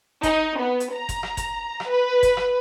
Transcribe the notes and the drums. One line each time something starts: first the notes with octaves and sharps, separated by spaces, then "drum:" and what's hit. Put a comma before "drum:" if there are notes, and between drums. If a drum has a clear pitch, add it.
D#4, drum: kick F#1, hi-hat
B3
drum: hi-hat
A#5
drum: kick F#1, hi-hat
drum: rim click
drum: kick F#1, hi-hat
drum: rim click
B4
drum: kick F#1, hi-hat
drum: rim click